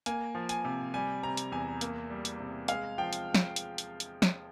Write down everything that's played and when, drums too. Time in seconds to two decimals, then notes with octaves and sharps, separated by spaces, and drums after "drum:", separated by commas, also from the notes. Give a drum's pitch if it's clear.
0.06 A#3 G#5, drum: hi-hat
0.35 F3
0.49 G#5, drum: hi-hat
0.65 C3
0.94 G3 G#5
1.23 C3 A#5
1.37 drum: hi-hat
1.52 E2 G#5
1.81 A#3, drum: hi-hat
2.10 G3
2.25 drum: hi-hat
2.40 C3
2.68 G#3 F5, drum: hi-hat
2.98 F3 G5
3.13 drum: hi-hat
3.34 drum: snare
3.56 drum: hi-hat
3.78 drum: hi-hat
4.00 drum: hi-hat
4.22 drum: snare